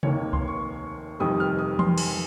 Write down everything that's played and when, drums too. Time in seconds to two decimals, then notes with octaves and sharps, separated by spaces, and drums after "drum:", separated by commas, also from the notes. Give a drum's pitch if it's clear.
0.03 F1 D#2 D#3 A#3 C#5, drum: tom C3
0.33 C6, drum: kick C2
0.48 C#6
1.20 F1 F2 D#3 G3 D#6
1.40 F6
1.59 D#6
1.79 C6, drum: tom E3
1.98 G#5, drum: cymbal